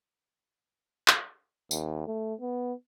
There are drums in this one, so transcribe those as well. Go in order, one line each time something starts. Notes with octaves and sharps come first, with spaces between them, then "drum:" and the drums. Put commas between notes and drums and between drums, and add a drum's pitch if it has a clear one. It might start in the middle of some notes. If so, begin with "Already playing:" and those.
drum: clap
D#2, drum: tambourine
A3
B3